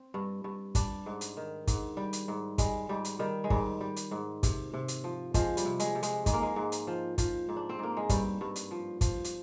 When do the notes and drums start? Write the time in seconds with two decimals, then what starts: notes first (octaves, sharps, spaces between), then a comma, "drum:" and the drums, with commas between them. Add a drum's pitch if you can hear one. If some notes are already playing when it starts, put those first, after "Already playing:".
Already playing: C4
0.14 G2
0.44 G2
0.75 G3 D4, drum: kick, hi-hat
1.06 G#2
1.21 drum: hi-hat
1.37 D#3
1.67 G#2, drum: kick, hi-hat
1.97 G3
2.13 drum: hi-hat
2.28 G#2
2.58 G3 G#3, drum: kick, hi-hat
2.89 G#2 G3
3.05 drum: hi-hat
3.19 D#3 G3
3.44 G#3
3.50 G#2 G3, drum: kick
3.81 G3
3.96 drum: hi-hat
4.11 G#2
4.43 C3, drum: kick, hi-hat
4.74 C3
4.88 drum: hi-hat
5.04 F3
5.34 F3 G#3, drum: kick, hi-hat
5.57 G3, drum: hi-hat
5.65 C3
5.80 G#3, drum: hi-hat
5.95 C3
6.03 G#3, drum: hi-hat
6.26 G#2 G#3, drum: kick, hi-hat
6.33 A#3
6.42 G#3
6.56 G#2
6.72 drum: hi-hat
6.87 F3
7.18 F3, drum: kick, hi-hat
7.49 G#2
7.56 D4
7.69 C4
7.79 G#2 A#3
7.97 G#3
8.09 G2 G3, drum: kick, hi-hat
8.41 G2
8.56 drum: hi-hat
8.71 F3
9.01 F3, drum: kick, hi-hat
9.24 drum: hi-hat